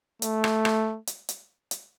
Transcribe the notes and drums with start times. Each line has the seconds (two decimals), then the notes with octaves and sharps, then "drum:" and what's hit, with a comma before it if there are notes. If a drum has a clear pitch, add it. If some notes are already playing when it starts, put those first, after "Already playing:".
0.22 A3, drum: hi-hat
0.44 drum: rim click
0.65 drum: rim click
1.07 drum: hi-hat
1.29 drum: hi-hat
1.71 drum: hi-hat